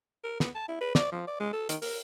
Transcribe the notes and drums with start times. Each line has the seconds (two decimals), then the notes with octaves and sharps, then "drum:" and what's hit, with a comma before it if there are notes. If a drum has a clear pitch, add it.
0.24 A#4
0.40 B3, drum: snare
0.55 A5
0.69 E4
0.81 B4
0.95 D5, drum: snare
1.12 F3
1.27 D5
1.40 G#3
1.53 A4
1.69 D#3, drum: hi-hat
1.82 A#4, drum: open hi-hat